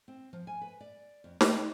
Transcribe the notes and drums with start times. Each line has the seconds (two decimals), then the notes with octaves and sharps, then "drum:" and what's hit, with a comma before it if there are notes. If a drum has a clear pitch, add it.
0.08 C4
0.33 F3
0.47 G#5
0.61 B4
0.80 D5
1.24 F2
1.41 G5, drum: snare